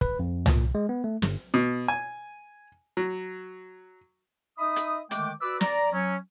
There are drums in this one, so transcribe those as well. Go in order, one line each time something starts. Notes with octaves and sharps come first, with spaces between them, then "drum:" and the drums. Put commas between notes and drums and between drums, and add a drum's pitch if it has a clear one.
B4, drum: kick
F2
A#2, drum: tom
G#3
B3
A3
G1, drum: snare
B2
G#5
F#3
D#4 D#5 E5 B5 D#6
drum: hi-hat
D3 D#3 G#3 A3 G5 D6, drum: hi-hat
F#4 B4 D5 E6
D5 A#5, drum: snare
F#3 C#4